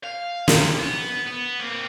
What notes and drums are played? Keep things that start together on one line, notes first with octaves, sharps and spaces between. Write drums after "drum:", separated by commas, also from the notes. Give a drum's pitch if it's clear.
F5
G2 D3, drum: snare
B3
B3
A#3 C4